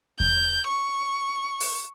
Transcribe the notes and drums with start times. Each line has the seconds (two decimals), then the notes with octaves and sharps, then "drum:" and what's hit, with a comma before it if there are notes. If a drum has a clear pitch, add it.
0.20 G6, drum: kick E2
0.68 C#6
1.60 drum: open hi-hat